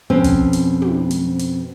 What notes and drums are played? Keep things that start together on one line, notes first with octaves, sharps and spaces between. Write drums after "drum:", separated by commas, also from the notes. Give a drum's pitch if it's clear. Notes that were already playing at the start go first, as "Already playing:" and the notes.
F2 B2 C4 C#4
drum: kick, hi-hat
drum: hi-hat
drum: tom
drum: hi-hat
drum: hi-hat